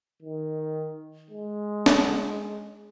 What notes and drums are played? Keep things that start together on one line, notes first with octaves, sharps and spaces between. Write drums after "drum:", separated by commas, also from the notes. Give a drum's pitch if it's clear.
D#3
G#3
drum: snare